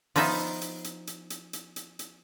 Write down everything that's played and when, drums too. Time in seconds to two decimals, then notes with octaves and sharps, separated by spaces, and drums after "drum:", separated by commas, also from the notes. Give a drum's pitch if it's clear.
0.16 F3 B3 D#4 E5, drum: open hi-hat
0.61 drum: hi-hat
0.84 drum: hi-hat
1.07 drum: hi-hat
1.30 drum: hi-hat
1.53 drum: hi-hat
1.76 drum: hi-hat
1.99 drum: hi-hat